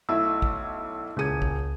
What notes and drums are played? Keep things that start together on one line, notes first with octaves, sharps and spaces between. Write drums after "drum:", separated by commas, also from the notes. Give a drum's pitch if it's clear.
B1 A3 E4 E6
drum: kick
D#1 C#2 C#4 G#4 G#6 D#7
drum: kick